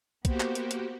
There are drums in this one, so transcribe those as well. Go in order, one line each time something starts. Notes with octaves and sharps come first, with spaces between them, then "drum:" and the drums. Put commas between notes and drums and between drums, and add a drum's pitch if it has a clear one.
A#3 B3 F#4 G4 C5, drum: kick, hi-hat
drum: clap
drum: hi-hat
drum: hi-hat